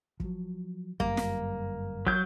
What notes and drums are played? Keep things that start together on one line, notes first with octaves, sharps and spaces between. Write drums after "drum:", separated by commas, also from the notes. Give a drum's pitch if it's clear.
F3 F#3, drum: kick
G1 F#2 G3 A#3, drum: kick
drum: snare
F#3 G6, drum: kick